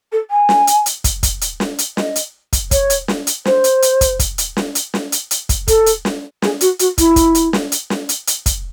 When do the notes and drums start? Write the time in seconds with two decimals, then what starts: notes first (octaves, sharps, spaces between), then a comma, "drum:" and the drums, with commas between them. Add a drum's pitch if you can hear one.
0.12 A4
0.30 G#5
0.49 drum: snare
0.67 drum: hi-hat
0.86 drum: hi-hat
1.04 drum: kick, hi-hat
1.23 drum: kick, hi-hat
1.41 drum: hi-hat
1.60 drum: snare
1.78 drum: hi-hat
1.97 D#5, drum: snare
2.16 drum: hi-hat
2.53 drum: kick, hi-hat
2.71 C#5, drum: kick, hi-hat
2.90 drum: hi-hat
3.08 drum: snare
3.27 drum: hi-hat
3.45 C5, drum: snare
3.64 drum: hi-hat
3.82 drum: hi-hat
4.01 drum: kick, hi-hat
4.19 drum: kick, hi-hat
4.38 drum: hi-hat
4.57 drum: snare
4.75 drum: hi-hat
4.94 drum: snare
5.12 drum: hi-hat
5.31 drum: hi-hat
5.49 drum: kick, hi-hat
5.68 A4, drum: kick, hi-hat
5.86 drum: hi-hat
6.05 drum: snare
6.42 G#4, drum: snare
6.61 F#4, drum: hi-hat
6.79 F#4, drum: hi-hat
6.98 E4, drum: kick, hi-hat
7.16 drum: kick, hi-hat
7.35 drum: hi-hat
7.53 drum: snare
7.72 drum: hi-hat
7.90 drum: snare
8.09 drum: hi-hat
8.27 drum: hi-hat
8.46 drum: kick, hi-hat